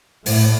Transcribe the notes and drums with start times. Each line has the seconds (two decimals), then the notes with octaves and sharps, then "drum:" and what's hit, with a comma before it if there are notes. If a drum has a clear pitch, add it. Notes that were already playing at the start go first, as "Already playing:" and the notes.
0.26 A2, drum: open hi-hat